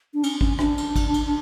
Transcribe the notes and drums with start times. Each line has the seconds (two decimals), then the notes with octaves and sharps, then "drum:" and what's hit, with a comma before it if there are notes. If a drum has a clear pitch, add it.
0.14 D4
0.23 C#4, drum: cymbal
0.41 C#4, drum: kick
0.59 D4, drum: rim click
0.78 drum: cymbal
0.96 drum: kick, cymbal
1.14 drum: cymbal